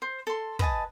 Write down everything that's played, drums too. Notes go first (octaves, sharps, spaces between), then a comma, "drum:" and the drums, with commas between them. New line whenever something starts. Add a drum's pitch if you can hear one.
C5
A4 C6
B4 D#5 G#5 A5, drum: kick